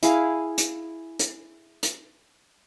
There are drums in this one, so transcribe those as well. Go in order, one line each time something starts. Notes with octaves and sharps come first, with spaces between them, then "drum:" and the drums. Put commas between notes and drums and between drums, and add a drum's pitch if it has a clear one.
E4 G#4 F5, drum: hi-hat
drum: hi-hat
drum: hi-hat
drum: hi-hat